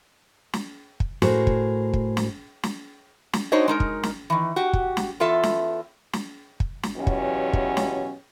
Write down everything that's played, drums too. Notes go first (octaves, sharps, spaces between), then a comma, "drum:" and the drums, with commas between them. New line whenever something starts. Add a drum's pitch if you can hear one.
drum: snare
drum: kick
A2 F#4 G#4 A#4 C5, drum: snare
drum: kick
drum: kick
drum: snare
drum: snare
drum: snare
D4 D#4 F#4 C5 C#5 D#5
G#3 D#4 A#4
drum: kick
drum: snare
D#3 E3
F#4 G4
drum: kick
drum: snare
E2 F4 A4 E5
drum: snare
drum: snare
drum: kick
drum: snare
E2 B2 F#3 C#4 F4 G4
drum: kick
drum: kick
drum: snare